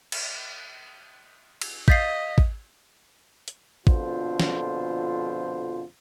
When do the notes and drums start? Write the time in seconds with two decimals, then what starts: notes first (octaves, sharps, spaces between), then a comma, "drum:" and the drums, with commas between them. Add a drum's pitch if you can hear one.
0.12 drum: cymbal
1.61 drum: cymbal
1.88 D#5 F5 G6 A6 B6 C7, drum: kick
2.38 drum: kick
3.48 drum: hi-hat
3.87 A#1 F2 B2 D3 F4 C5, drum: kick
4.40 drum: snare